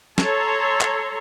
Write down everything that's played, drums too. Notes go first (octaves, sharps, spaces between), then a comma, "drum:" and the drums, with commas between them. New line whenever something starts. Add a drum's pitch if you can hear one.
A4 C#5 A#5 C6, drum: snare
drum: clap